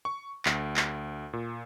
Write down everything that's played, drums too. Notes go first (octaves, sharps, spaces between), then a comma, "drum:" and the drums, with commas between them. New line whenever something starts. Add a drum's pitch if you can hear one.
C#6
D2, drum: clap
drum: clap
A#2